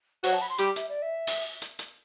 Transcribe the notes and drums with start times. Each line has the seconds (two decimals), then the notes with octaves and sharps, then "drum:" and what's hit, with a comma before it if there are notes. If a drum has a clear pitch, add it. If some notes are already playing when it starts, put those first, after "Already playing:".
0.24 F#3 F#4 C5, drum: open hi-hat
0.33 A5
0.42 B5
0.49 C6
0.58 G3 G4 B5, drum: hi-hat
0.76 E5, drum: hi-hat
0.89 D5
1.02 E5
1.27 drum: open hi-hat
1.62 drum: hi-hat
1.79 drum: hi-hat